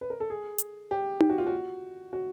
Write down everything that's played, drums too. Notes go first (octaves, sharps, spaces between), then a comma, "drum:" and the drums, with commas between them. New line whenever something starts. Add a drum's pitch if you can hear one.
B4
A#4
A4
G#4
drum: hi-hat
G4
G4, drum: tom D#4
F#4
F4
F#4
F#4